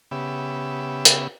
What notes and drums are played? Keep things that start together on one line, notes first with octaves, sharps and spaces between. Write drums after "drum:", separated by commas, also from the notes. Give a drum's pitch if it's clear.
C#3 B3 G4 E5
drum: hi-hat